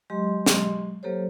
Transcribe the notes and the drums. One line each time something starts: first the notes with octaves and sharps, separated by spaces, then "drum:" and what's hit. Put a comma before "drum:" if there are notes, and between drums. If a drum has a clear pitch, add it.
F#3 G#3 G4 D#5 C6
drum: snare
F#3 A#3 G4 A4 C5 C#5